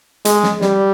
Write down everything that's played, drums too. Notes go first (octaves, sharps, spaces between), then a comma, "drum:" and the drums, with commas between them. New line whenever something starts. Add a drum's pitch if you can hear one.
G#3, drum: hi-hat
drum: snare
G3, drum: snare